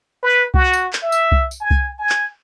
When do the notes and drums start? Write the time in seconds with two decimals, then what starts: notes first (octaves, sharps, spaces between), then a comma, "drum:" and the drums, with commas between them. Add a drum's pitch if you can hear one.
0.23 B4
0.54 F#4, drum: kick C2
0.73 drum: tambourine
0.93 drum: clap
1.03 E5
1.12 drum: tambourine
1.32 drum: kick C2
1.51 drum: tambourine
1.61 G#5
1.71 drum: kick C2
1.98 G#5
2.09 drum: clap